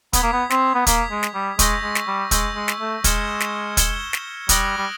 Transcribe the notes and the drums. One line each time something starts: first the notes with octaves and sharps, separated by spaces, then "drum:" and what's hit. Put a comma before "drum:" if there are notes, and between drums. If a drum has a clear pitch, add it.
B3 D#6 G#6 B6, drum: kick, hi-hat
A#3
B3
C4, drum: snare
B3
A#3 D#6 G#6 B6, drum: kick, hi-hat
G#3
drum: snare
G3
G#3 C#6 E6 G6 A#6, drum: kick, hi-hat
G#3
drum: snare
G3
G#3 C#6 E6 G6 A#6, drum: kick, hi-hat
G#3
drum: snare
A3
G#3 F6 G#6 C#7 E7 G7, drum: kick, hi-hat
drum: snare
F6 G#6 C#7 E7 G7, drum: kick, hi-hat
drum: snare
G3 D#6 F#6 A#6 D7 F#7, drum: kick, hi-hat
G3